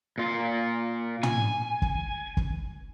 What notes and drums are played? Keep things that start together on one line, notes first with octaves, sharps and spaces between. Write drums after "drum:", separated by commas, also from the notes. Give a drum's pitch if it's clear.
A#2 F4
G#5, drum: tom
drum: kick
drum: kick